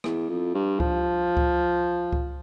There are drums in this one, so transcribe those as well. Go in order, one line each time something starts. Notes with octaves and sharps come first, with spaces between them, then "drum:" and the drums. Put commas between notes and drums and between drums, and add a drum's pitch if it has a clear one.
E2, drum: rim click
F2
G2
F3, drum: kick C#2
drum: kick C#2
drum: kick C#2